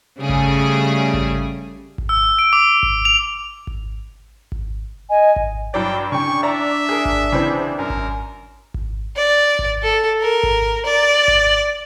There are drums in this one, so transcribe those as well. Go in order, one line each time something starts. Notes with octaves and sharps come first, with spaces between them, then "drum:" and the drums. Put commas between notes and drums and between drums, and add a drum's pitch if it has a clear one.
C#3 G3 A3 G#4
drum: kick G#1
drum: kick G#1
drum: kick G#1
E6
D7
D6
drum: kick G#1
F7
drum: kick G#1
drum: kick G#1
D#5 G#5
drum: kick G#1
G2 F#3 D5 G5
C#3 D4 G5 C#6
D5 E5 A#5
G#4 A#4
drum: kick G#1
C#3 E3 C4
F#2 A#4
drum: kick G#1
drum: kick G#1
D5
drum: kick G#1
A4
A#4
drum: kick G#1
D5
drum: kick G#1